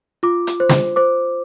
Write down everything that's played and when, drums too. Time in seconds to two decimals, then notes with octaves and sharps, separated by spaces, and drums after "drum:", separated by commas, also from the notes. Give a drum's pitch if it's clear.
0.23 F4 D6
0.47 drum: hi-hat
0.60 C5
0.69 drum: snare
0.96 C5 D6